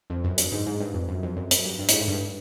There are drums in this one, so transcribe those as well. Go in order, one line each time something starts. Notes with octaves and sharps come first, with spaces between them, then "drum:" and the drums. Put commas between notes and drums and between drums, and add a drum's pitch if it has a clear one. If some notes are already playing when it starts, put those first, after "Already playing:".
F2
F#2
G2, drum: hi-hat
G#2
G#2
G2
F2
F#2
F2
F#2
F#2, drum: hi-hat
G2
G2
A2, drum: hi-hat
G#2
G2